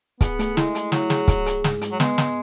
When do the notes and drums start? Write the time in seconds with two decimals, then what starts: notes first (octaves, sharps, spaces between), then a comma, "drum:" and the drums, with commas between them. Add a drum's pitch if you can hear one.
0.21 B3 G#4, drum: kick, hi-hat
0.39 A3, drum: hi-hat
0.57 G#3 E4, drum: snare
0.75 G#4, drum: hi-hat
0.92 F#3 E4, drum: snare
1.10 G#4, drum: snare
1.28 G#4, drum: kick, hi-hat
1.46 G#4, drum: hi-hat
1.64 G#2, drum: snare
1.81 G#2, drum: hi-hat
1.92 F#3
2.00 G#3 B3, drum: snare
2.18 drum: snare